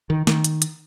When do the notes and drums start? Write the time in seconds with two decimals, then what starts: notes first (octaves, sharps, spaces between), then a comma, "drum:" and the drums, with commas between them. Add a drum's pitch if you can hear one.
0.10 D#3
0.27 D#3, drum: snare
0.44 drum: hi-hat
0.62 drum: hi-hat